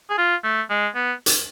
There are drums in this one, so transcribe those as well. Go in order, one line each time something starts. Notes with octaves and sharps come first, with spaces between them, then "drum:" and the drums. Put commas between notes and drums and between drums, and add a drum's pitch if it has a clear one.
G#4
F4
A3
G#3
B3
drum: hi-hat